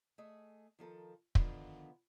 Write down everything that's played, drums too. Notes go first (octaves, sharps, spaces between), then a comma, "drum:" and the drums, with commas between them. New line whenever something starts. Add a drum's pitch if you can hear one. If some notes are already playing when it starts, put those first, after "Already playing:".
A3 G#4 D#5
D#3 F3 A4 A#4
D3 D#3 F3 B3, drum: kick